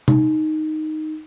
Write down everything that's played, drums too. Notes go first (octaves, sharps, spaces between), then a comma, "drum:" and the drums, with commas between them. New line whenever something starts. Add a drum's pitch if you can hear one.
D#4, drum: tom C3